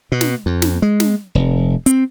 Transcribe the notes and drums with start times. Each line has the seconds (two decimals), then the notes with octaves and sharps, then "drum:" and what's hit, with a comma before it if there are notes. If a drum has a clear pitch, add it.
0.12 B2
0.21 drum: snare
0.46 F2
0.62 drum: snare
0.82 G#3
1.00 drum: snare
1.35 F1
1.86 C4, drum: hi-hat